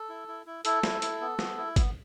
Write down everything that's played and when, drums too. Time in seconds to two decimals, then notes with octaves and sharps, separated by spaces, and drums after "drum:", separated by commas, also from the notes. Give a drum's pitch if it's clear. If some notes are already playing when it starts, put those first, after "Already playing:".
Already playing: A4
0.09 E4
0.28 E4
0.46 E4
0.65 E4 A4, drum: hi-hat
0.83 E4, drum: snare
1.02 E4, drum: hi-hat
1.21 B3
1.39 B3, drum: snare
1.58 E4
1.76 B3, drum: kick, hi-hat